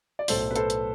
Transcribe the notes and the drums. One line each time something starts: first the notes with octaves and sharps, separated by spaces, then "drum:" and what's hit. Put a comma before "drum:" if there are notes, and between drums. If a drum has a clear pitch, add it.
D5
B1 A2 F#3 A4 C5, drum: open hi-hat
B4
A4 C5, drum: hi-hat
drum: hi-hat